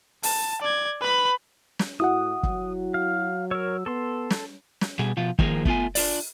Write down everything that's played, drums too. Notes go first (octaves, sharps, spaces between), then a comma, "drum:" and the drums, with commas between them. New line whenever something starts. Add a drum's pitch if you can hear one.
A5, drum: open hi-hat
D5 G#6
B4 B5
drum: snare
A2 E4 F#4 F#5 D#6
F#3, drum: kick
F5
A#4 C#5 E6
B3 A4 C6
drum: snare
drum: snare
B2 G3 G#4
B2 F3 F4
D#3 F3 A#3 G#4 A#4, drum: kick
A3 B3 F4 G#5, drum: kick
D4 F4 D5, drum: open hi-hat